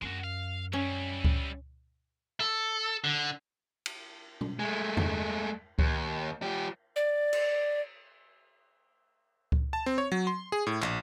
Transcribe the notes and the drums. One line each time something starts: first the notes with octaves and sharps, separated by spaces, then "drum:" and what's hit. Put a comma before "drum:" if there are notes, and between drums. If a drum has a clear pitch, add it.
F#2 G#3 F#4
F5
G3 C#4 E4
drum: kick C#2
A4
D3
drum: cymbal
drum: tom B2
G#3 A3
drum: tom E2
D#2, drum: kick C#2
F3 G4
D5
drum: cymbal
drum: kick C#2
A5
C4
C#5
F#3
C6
G#4
A2
A#1, drum: clap